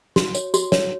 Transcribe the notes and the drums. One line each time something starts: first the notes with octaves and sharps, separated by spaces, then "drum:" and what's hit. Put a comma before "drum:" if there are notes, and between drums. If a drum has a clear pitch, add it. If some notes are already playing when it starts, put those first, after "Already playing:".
F#4, drum: snare
C#5, drum: tambourine
F#4, drum: tambourine
C#5, drum: snare